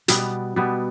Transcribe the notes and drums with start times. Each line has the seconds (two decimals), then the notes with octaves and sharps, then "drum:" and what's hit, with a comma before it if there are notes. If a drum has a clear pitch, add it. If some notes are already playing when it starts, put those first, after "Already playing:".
0.08 B2 G3 B3, drum: hi-hat
0.56 B2 G3 B3